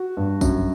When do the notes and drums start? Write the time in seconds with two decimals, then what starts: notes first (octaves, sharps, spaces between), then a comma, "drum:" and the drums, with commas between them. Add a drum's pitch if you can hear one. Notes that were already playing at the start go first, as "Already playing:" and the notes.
Already playing: F#4
0.17 G2
0.41 F#2, drum: kick, tambourine